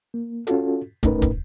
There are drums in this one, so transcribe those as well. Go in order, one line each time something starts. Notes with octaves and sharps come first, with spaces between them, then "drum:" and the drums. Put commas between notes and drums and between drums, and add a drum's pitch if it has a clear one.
A#3
C#4 F4 F#4 A4, drum: hi-hat
A3 C#4 D#4 A#4 B4, drum: kick, hi-hat
drum: kick, hi-hat